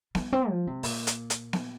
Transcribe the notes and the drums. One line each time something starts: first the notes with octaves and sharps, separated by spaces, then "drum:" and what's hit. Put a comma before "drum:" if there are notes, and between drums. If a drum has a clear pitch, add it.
G3, drum: snare B3
C4
F3
C3
A#2, drum: open hi-hat
drum: hi-hat
drum: hi-hat
drum: snare B3